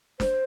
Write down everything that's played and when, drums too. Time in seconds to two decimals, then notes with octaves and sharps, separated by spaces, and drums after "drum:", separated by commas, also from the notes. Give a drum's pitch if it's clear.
0.20 C5, drum: snare